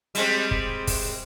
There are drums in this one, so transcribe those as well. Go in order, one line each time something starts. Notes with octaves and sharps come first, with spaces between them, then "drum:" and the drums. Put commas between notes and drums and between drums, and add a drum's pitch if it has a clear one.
G3 G#3 C4, drum: hi-hat
drum: kick
drum: kick, open hi-hat